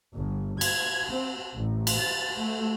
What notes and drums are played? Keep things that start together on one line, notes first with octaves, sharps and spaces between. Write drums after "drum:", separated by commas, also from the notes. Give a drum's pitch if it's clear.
G1
G#6, drum: cymbal
C4
A1
drum: cymbal
A6
A3